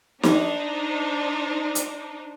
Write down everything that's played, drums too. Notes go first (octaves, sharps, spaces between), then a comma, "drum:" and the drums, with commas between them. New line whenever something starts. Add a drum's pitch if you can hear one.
D4 D#4 C5, drum: snare
drum: hi-hat